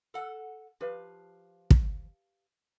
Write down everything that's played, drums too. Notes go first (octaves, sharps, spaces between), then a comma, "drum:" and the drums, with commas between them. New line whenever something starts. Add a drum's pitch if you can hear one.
A4 F#5
F3 G4 B4 F5
drum: kick